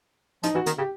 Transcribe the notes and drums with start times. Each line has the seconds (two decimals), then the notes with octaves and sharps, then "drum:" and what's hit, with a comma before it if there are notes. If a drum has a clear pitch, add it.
0.43 F3 D#4, drum: hi-hat
0.54 E3 F#4
0.66 D#3, drum: hi-hat
0.78 C#3 G4